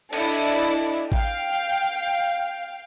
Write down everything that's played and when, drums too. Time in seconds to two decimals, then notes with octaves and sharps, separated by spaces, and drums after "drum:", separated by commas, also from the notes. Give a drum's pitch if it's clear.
0.13 D4 E4 A4 D5 D#5, drum: cymbal
1.12 F5 G5, drum: kick A1